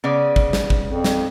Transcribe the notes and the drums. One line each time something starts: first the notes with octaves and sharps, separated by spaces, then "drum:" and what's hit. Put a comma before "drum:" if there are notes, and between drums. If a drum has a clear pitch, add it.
C#3 B3 D5
drum: kick G#1
drum: snare
drum: kick G#1
F2
drum: snare